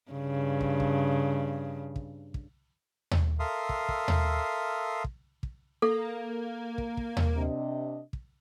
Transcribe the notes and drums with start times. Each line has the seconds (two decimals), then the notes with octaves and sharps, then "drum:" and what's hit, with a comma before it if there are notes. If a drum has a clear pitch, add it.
0.11 G2 C#3
0.61 drum: kick
0.80 drum: kick
1.96 drum: kick
2.34 drum: kick
3.11 drum: tom D#2
3.40 A4 A#4 E5 F5 C6 D#6
3.69 drum: kick
3.89 drum: kick
4.08 drum: tom D#2
5.04 drum: kick
5.43 drum: kick
5.82 A#3 A4
6.78 drum: kick
6.97 drum: kick
7.17 drum: tom D#2
7.36 C3 D4 D#5
8.13 drum: kick